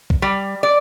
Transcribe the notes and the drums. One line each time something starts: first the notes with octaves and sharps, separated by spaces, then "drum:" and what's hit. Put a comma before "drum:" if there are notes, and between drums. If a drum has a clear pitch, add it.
drum: kick B1
G3
D5